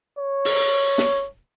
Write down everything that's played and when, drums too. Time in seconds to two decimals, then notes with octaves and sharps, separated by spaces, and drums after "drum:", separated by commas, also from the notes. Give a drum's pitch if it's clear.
0.18 C#5
0.45 drum: open hi-hat
0.98 drum: snare